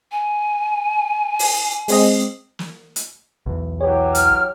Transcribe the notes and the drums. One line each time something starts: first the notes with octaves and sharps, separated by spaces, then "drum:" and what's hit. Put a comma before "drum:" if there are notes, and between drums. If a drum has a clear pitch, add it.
G#5
drum: open hi-hat
G#3 C4 D#5, drum: open hi-hat
drum: snare
drum: hi-hat
B1 E2
E3 F#3 G4 C#5
F6, drum: hi-hat